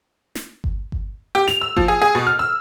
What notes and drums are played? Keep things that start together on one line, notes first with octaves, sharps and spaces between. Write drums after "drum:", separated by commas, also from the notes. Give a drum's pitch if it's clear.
drum: snare
drum: kick G1
drum: kick G1
G4
F7, drum: snare
E6
F3, drum: kick G1
G#4
G#4
B2
F6
E6